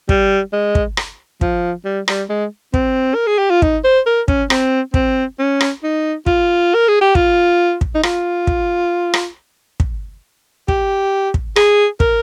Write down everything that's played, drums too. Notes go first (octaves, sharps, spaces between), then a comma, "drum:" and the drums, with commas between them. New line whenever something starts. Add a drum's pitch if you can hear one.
G3, drum: kick
G#3
drum: kick
drum: rim click
F3, drum: kick
G3
G3, drum: rim click
G#3
C4, drum: kick
A#4
G#4
G4
F4
D#4, drum: kick
C5
A#4
C#4, drum: kick
C4, drum: rim click
C4, drum: kick
C#4
drum: rim click
D#4
F4, drum: kick
A#4
G#4
G4
F4, drum: kick
drum: kick
D#4
F4, drum: rim click
drum: kick
drum: rim click
drum: kick
G4, drum: kick
drum: kick
G#4, drum: rim click
A#4, drum: kick